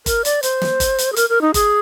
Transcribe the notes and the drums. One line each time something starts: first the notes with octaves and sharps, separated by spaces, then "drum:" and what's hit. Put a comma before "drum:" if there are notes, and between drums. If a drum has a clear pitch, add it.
A#4, drum: kick G1, hi-hat
D5, drum: hi-hat
C5, drum: hi-hat
drum: snare
drum: kick G1, hi-hat
drum: hi-hat
G#4
A#4, drum: hi-hat
A#4
D#4
G#4, drum: kick G1, hi-hat